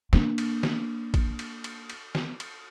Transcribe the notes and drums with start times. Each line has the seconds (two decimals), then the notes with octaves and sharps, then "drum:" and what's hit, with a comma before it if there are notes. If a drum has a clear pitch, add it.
0.13 A#3 D4, drum: snare
0.38 drum: cymbal
0.63 drum: snare
1.14 drum: kick A1, cymbal
1.39 drum: cymbal
1.64 drum: cymbal
1.90 drum: cymbal
2.15 drum: snare
2.40 drum: cymbal